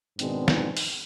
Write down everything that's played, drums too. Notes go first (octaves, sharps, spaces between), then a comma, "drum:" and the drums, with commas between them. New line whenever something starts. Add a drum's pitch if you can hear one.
G#2 B2 D#3 G#3 C4 D4, drum: hi-hat
drum: snare
drum: open hi-hat